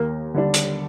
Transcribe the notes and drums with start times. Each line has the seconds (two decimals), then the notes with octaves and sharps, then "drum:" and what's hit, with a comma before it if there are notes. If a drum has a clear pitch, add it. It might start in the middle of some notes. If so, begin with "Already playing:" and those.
Already playing: D#2 A#3
0.34 D3 G3 D4
0.54 drum: hi-hat